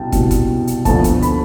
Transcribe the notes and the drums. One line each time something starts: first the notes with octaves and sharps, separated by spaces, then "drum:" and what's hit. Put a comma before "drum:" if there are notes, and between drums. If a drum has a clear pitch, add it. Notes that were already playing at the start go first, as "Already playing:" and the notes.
Already playing: C2 B2 B3 G5 A5
C2 B2 B3, drum: kick, hi-hat
drum: kick, hi-hat
drum: hi-hat
D2 D3 F3 B3 A5, drum: kick, hi-hat
drum: kick, hi-hat
B5, drum: hi-hat